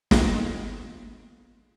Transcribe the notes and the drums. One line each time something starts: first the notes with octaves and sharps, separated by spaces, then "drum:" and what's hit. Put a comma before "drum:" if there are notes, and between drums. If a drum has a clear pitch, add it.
A#3 B3 D4 F4 G#4 A4, drum: snare